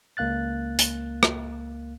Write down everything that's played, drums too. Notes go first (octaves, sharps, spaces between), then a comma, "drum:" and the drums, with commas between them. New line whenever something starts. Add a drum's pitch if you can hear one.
C#2 A#3 F5 F#6 A6
drum: hi-hat
drum: rim click